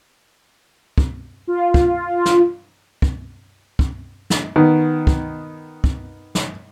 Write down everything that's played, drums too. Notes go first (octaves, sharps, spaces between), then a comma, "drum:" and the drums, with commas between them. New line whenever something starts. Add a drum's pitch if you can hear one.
drum: kick
F4
drum: kick
drum: snare
drum: kick
drum: kick
drum: snare
D#3 B3
drum: kick
drum: kick
drum: snare